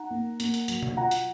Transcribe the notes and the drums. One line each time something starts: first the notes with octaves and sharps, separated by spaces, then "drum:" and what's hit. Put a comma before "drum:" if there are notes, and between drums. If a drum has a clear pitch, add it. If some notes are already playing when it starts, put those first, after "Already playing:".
Already playing: D#4 F#5 A#5
A#3
A#3, drum: hi-hat
drum: hi-hat
F#3, drum: hi-hat
drum: tom B2
F4 F#5 A#5
drum: hi-hat